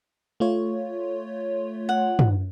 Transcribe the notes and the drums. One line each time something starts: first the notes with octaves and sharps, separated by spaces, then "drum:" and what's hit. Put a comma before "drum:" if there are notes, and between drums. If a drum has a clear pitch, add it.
A3 F4 C#5
F#5
drum: tom